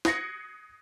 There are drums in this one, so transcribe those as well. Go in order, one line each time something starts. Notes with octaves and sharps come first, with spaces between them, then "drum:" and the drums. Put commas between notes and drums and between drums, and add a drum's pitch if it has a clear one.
D#6 F#6 G#6 A#6 C7 C#7, drum: snare